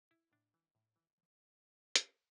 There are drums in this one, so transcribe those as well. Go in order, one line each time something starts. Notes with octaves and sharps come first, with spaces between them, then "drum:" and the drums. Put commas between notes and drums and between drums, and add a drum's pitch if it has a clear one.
E4
A2 D4
E3
A2
E3
drum: hi-hat